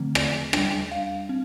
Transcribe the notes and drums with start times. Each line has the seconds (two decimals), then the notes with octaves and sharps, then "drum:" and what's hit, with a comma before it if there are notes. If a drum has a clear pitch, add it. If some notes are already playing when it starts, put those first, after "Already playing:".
Already playing: D3 F3 A3 C4
0.15 D5, drum: rim click
0.53 G3 D4 G5, drum: rim click
0.92 F5
1.29 C4